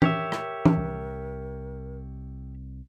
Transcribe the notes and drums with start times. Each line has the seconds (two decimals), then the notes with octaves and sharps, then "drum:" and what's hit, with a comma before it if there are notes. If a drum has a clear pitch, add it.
0.02 G4 A#4 C#5 E5, drum: tom E3
0.32 drum: rim click
0.65 drum: tom E3
0.77 C2